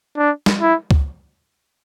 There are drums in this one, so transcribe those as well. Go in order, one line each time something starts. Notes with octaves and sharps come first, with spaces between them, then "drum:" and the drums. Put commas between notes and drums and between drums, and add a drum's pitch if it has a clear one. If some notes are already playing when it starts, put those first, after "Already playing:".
D4
drum: snare
E4
drum: kick C#2